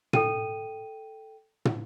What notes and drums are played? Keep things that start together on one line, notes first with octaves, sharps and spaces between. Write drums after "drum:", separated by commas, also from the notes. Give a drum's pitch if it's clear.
A4 G5 D#7, drum: tom
drum: tom